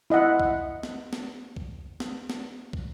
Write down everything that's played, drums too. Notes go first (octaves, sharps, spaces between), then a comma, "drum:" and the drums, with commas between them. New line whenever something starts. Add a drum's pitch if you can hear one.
E4 D#5 E5 F#5
drum: kick
drum: snare
drum: snare
drum: kick
drum: snare
drum: snare
drum: kick